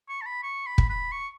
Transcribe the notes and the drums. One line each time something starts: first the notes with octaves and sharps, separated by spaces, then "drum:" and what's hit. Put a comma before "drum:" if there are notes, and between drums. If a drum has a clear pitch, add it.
C#6
A5
B5
C#6
B5
drum: kick
B5
C#6